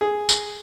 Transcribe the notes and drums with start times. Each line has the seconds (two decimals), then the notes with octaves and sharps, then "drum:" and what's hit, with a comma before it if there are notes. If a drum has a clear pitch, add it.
0.01 G#4
0.29 drum: tambourine